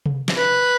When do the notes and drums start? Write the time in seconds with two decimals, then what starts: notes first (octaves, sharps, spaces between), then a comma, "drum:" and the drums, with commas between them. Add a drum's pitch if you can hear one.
0.06 drum: tom C3
0.28 drum: snare
0.37 B4